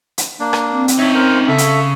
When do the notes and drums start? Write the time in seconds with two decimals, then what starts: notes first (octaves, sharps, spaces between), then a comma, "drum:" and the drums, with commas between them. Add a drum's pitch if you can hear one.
0.18 drum: hi-hat
0.40 A#3 D4
0.53 drum: rim click
0.70 C4
0.88 drum: hi-hat
0.99 C#4 D#4 C#5 E5
1.14 A#4 C5
1.48 C#3 A4 E5
1.58 drum: hi-hat